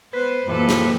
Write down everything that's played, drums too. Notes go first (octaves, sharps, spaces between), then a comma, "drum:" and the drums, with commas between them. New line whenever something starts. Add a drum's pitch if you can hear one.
B3 B4 C5
F#2 A#2 E3 F3 G4 A4 B4
drum: snare